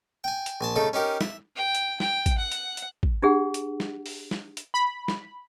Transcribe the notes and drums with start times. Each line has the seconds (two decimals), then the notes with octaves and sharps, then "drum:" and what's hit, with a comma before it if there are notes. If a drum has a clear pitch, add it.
0.24 G5 G#5
0.46 drum: hi-hat
0.61 A#1 G#5 A5
0.76 C#3 A3 D#4 A4
0.93 C#4 D#4 G4 A#4
1.21 E5, drum: snare
1.56 G5
1.75 drum: hi-hat
2.00 G5, drum: snare
2.26 drum: kick, hi-hat
2.38 F#5
2.52 drum: hi-hat
2.77 drum: hi-hat
3.03 drum: kick
3.22 D4 G4 G#4 F#5
3.54 drum: hi-hat
3.80 drum: snare
4.06 drum: open hi-hat
4.31 drum: snare
4.57 drum: hi-hat
4.74 B5
5.08 drum: snare